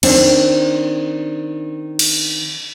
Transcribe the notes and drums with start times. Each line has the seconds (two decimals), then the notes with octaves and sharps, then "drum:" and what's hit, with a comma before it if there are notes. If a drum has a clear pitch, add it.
0.03 D#3 C4 D4, drum: cymbal
1.99 drum: cymbal